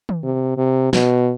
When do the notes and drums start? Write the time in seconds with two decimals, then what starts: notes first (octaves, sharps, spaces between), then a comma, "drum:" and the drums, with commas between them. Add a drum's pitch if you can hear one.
0.09 drum: tom D#3
0.24 C3
0.57 C3
0.93 B2, drum: snare